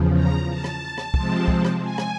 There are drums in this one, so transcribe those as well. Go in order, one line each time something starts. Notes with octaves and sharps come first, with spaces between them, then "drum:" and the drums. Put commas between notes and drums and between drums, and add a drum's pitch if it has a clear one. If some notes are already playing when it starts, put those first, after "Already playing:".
Already playing: E2 C#3 F3
A#5
A5
drum: rim click
drum: rim click
C3 F3 G#3 C4, drum: kick
drum: kick
drum: rim click
G#5
drum: rim click